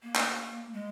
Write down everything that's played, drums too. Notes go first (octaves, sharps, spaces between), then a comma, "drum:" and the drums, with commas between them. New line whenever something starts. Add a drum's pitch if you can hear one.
A#3
drum: clap
G#3